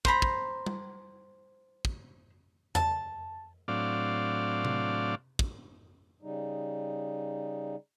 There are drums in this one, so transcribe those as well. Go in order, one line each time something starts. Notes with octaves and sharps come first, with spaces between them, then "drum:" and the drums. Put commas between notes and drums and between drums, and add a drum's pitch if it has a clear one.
C5 A#5 B5, drum: kick
drum: kick
drum: tom G3
drum: kick
A5, drum: tom E2
A2 F#3 C4 D4 D5 F5
drum: tom C3
drum: kick
C#3 G3 D#4